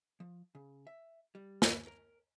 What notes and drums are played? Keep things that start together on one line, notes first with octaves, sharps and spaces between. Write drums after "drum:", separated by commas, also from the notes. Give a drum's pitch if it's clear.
F3
C#3
E5
G3
drum: snare
A#4